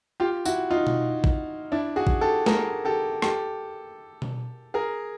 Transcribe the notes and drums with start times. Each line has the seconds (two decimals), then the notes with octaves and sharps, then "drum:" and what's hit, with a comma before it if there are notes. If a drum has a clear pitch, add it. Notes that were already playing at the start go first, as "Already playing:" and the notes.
0.20 F4 G4
0.45 E4 F#4, drum: tambourine
0.71 D#4 F4
0.87 drum: tom B2
1.24 drum: kick
1.72 D4 E4
1.96 F#4 G#4
2.07 drum: kick
2.21 G4 A4
2.46 G#4 A#4, drum: snare
2.85 G4 A4
3.22 G4 A4, drum: rim click
4.22 drum: tom B2
4.74 G#4 A#4